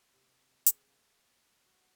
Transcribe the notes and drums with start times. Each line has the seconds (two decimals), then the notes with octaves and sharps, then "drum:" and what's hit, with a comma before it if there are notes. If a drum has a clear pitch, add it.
0.14 C3
0.66 G#4, drum: hi-hat
0.87 A#3
1.66 F#4